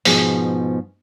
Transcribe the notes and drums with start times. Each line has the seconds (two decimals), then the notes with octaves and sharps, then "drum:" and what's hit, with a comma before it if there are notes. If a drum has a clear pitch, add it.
0.05 G#2 B2 F3 B3 G#4, drum: open hi-hat